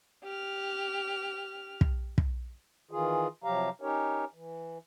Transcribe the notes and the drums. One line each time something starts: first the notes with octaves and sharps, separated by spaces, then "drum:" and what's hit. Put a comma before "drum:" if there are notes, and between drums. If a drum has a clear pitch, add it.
G4 F6
drum: kick
drum: kick
D#3 E3 F4 G#4
C3 F3 F#3 G4 F5 A#5
C#4 D#4 G4 A#4 C#5
E3